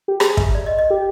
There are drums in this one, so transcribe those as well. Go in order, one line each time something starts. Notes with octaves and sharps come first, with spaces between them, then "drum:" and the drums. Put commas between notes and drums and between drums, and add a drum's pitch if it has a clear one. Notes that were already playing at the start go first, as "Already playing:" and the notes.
G4
G#4 A#5, drum: rim click
E5, drum: kick
D5
D#5
D#5
G4